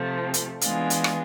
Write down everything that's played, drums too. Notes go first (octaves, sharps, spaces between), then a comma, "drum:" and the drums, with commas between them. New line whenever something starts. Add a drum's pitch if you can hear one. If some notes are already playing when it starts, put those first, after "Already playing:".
Already playing: C3 F3 A3
drum: hi-hat
E3 G#3 B3 D4 F4, drum: hi-hat
drum: hi-hat
drum: rim click